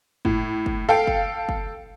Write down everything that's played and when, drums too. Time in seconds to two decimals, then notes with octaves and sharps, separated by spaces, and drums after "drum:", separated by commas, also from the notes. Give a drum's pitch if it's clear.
0.25 A2, drum: kick F#1
0.66 drum: kick F#1
0.89 A4 F5 G5
1.07 drum: kick F#1
1.49 drum: kick F#1